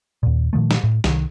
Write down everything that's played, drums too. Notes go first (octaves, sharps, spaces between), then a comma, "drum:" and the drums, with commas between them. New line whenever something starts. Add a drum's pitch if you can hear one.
D#2 A#2
A#2 D#3 F3 A3
drum: snare
A2
C2 D#3, drum: snare